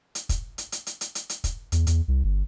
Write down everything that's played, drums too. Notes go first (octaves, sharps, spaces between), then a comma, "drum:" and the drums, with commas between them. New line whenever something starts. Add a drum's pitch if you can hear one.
drum: hi-hat
drum: kick, hi-hat
drum: hi-hat
drum: hi-hat
drum: hi-hat
drum: hi-hat
drum: hi-hat
drum: hi-hat
drum: kick, hi-hat
E2, drum: hi-hat
E2, drum: hi-hat
C2
G1